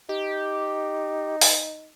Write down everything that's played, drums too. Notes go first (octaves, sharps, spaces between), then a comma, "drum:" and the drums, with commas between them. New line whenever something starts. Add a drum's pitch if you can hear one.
D#4 G4
drum: open hi-hat